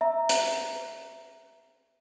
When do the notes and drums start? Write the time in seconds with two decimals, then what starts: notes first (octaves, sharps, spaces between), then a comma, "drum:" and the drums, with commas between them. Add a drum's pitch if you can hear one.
0.01 E5 A#5
0.29 drum: hi-hat